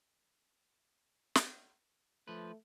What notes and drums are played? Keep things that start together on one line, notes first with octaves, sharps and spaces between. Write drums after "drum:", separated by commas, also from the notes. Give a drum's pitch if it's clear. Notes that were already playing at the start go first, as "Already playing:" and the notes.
drum: snare
F3 A3 B4